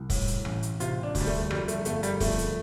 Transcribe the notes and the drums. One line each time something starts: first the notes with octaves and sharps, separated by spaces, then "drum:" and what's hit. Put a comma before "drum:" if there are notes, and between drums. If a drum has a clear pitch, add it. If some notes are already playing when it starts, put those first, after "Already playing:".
Already playing: C2
A2, drum: kick, open hi-hat
drum: hi-hat
A1, drum: rim click
drum: hi-hat
C3 F4, drum: hi-hat
D4
D2, drum: kick, open hi-hat
G3
A3
F2 G3, drum: rim click
A3, drum: hi-hat
G1 A3, drum: hi-hat
G3, drum: hi-hat
F2 A3, drum: kick, open hi-hat
drum: hi-hat